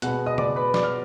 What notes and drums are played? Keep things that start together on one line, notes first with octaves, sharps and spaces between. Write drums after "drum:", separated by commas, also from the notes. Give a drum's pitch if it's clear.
B2 G#3 B3 F#5 F#6, drum: hi-hat
D#5 D#6
D5 D6, drum: tom C#3
B4 B5
D5 D6, drum: snare
F6